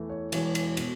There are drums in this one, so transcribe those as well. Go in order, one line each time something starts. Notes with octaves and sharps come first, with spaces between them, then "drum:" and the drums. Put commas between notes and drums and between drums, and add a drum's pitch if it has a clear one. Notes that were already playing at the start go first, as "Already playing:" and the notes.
Already playing: E2 E3 A3
C#5
E1 E2 E3 C#5, drum: cymbal
drum: cymbal
B2, drum: cymbal